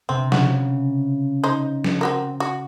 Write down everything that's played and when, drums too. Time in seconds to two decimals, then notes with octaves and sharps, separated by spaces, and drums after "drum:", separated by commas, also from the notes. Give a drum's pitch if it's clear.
0.09 C3 C4
0.32 C#3 F#4, drum: snare
1.44 D#4 C5
1.84 drum: snare
2.01 C4 F#4 A#4
2.40 F#4